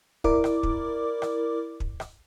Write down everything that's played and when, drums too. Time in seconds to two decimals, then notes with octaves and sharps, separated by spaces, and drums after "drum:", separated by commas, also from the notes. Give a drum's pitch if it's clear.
0.24 E4 A#4 D5 D6, drum: kick
0.44 drum: rim click
0.63 drum: kick
1.22 drum: rim click
1.80 drum: kick
2.00 drum: rim click